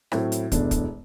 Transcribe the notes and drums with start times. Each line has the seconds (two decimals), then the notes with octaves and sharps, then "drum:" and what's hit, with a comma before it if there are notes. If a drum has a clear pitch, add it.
0.12 A2 F#3 C4 E4, drum: rim click
0.32 drum: hi-hat
0.52 E1 E2 B2 A3 D4, drum: kick, hi-hat
0.71 drum: kick, hi-hat